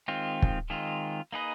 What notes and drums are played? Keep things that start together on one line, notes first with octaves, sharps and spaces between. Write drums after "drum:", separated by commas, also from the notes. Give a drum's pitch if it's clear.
D#3 G#3 C4 F4
drum: kick
D#3 G#3 C4 F4
A#3 D#4 G#4 B4 D#5